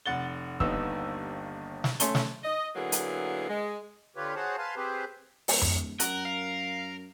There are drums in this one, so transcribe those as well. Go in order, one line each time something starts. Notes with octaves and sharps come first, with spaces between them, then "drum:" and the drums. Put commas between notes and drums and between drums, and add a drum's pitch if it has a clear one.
F1 F#5 A6 G7
G1 D#2 B3 D#4 E6, drum: kick
drum: snare
A3 C#4 C6 G7, drum: hi-hat
drum: snare
D#5
D3 F#3 A#3 B3 E4 G#4
drum: hi-hat
G#3
D3 F4 G4 B4 C#5
F#4 G#4 C5 C#5 F#5 A5
B4 F5 G#5 A5 C6
C4 G4 G#4 B4 C5
D1, drum: open hi-hat
drum: tom F2
F#2 A#4 F#5, drum: hi-hat
F5